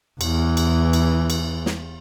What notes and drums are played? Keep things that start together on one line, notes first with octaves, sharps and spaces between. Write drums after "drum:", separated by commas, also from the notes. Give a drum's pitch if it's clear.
E2 E3, drum: cymbal
drum: cymbal
drum: cymbal
drum: cymbal
drum: snare